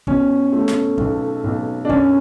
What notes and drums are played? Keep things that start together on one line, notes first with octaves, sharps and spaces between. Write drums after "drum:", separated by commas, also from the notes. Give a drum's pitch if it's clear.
B2 C#4, drum: kick
A3
drum: snare
B1, drum: kick
B1
D4
F#2 C#4, drum: kick